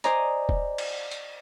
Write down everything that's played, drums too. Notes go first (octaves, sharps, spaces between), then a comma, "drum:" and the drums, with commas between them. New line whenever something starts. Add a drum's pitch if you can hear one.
C5 D5 D#5 G#5 A#5, drum: hi-hat
drum: kick E1
drum: cymbal
drum: hi-hat